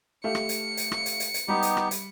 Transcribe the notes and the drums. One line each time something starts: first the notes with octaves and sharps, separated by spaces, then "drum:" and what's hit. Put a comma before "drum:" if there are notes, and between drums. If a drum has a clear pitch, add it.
A3 G4 F5 C#7
drum: rim click
drum: hi-hat
drum: hi-hat
drum: rim click
drum: hi-hat
drum: hi-hat
drum: hi-hat
G3 B3 D#4 G4
drum: hi-hat
drum: rim click
drum: hi-hat